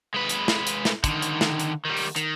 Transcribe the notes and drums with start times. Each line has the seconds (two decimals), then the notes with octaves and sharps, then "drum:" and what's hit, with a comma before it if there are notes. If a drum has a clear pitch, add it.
0.14 G#3 B4
0.30 drum: hi-hat
0.48 drum: snare
0.67 drum: hi-hat
0.85 drum: snare
1.04 D3 D#3, drum: kick, hi-hat
1.22 drum: hi-hat
1.41 drum: snare
1.60 drum: hi-hat
1.85 D#3 G3
1.97 drum: open hi-hat
2.16 D#3, drum: hi-hat